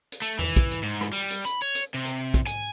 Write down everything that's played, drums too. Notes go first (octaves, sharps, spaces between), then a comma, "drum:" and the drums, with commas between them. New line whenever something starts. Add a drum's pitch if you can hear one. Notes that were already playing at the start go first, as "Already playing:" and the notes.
drum: hi-hat
A3
E3, drum: tom E2
drum: kick, hi-hat
drum: hi-hat
G#2
drum: rim click
G3
drum: hi-hat
B5, drum: hi-hat
C#5
drum: hi-hat
C3
drum: hi-hat
drum: kick, hi-hat
G#5, drum: hi-hat